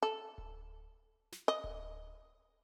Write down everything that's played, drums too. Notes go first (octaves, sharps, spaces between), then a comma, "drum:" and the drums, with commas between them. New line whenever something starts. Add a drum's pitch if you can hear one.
A4
drum: kick D1
drum: snare
D#5
drum: kick D1